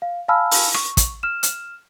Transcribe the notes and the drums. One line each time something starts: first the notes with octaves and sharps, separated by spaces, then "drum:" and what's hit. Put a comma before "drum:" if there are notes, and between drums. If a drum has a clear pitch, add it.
F5
F5 G#5 A5 B5 E6 F6
drum: open hi-hat
C#6, drum: rim click
drum: kick, hi-hat
F6 E7
drum: hi-hat